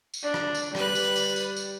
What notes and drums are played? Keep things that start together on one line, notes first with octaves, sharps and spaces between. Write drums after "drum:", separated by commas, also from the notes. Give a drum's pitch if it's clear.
drum: tambourine
D4
drum: rim click
drum: tambourine
G3 B4 F#6, drum: rim click
drum: tambourine
drum: tambourine
drum: tambourine
drum: tambourine